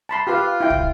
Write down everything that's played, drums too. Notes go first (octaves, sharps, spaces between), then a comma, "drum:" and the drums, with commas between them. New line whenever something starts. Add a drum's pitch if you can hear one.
A5 B5 C6
F4 G4 B4 F5
E4 G5
drum: kick